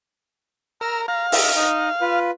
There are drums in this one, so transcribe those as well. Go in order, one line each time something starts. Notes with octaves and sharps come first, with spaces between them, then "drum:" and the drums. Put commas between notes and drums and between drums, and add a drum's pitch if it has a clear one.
A#4 A#5 E6 F6
F5 A#5
D#5 E5 E6, drum: open hi-hat
D#4 D#5
F4 B4